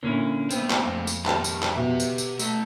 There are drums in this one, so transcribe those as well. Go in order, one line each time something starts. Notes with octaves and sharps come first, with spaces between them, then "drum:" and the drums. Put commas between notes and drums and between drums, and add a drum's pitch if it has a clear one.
A#2 D3 C#4 E4
A3 B3 C4, drum: tambourine
drum: clap
F2 G#3
drum: tambourine
D#3 G3 A5, drum: clap
drum: tambourine
drum: clap
B2 G4 E5
drum: tambourine
drum: tambourine
A3 E4 A4 A#5, drum: tambourine